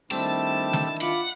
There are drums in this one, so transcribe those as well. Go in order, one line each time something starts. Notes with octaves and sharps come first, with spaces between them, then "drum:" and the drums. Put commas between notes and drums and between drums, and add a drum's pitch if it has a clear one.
D#3 G3 A3 C4 D4 E4 A5, drum: open hi-hat
drum: snare
F4 F#5 B5 D6, drum: hi-hat